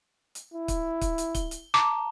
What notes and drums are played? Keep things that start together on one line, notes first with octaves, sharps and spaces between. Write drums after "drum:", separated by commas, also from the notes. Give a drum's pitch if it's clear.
drum: hi-hat
E4
drum: kick, hi-hat
drum: kick, hi-hat
drum: hi-hat
G7, drum: kick, hi-hat
drum: hi-hat
A5 A#5 D6